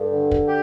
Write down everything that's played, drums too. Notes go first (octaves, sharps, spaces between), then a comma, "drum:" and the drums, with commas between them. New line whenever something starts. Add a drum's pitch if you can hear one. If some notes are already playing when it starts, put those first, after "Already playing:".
Already playing: G2 A4
D3
drum: kick
G4